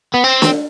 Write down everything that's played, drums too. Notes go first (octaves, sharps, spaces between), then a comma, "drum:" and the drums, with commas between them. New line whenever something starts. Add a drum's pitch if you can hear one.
B3
C4
drum: snare